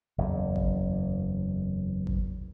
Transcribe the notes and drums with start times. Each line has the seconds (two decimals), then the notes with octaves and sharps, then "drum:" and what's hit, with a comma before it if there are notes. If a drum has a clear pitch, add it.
0.18 F#1 E2
0.56 drum: kick G#1
2.07 drum: kick G#1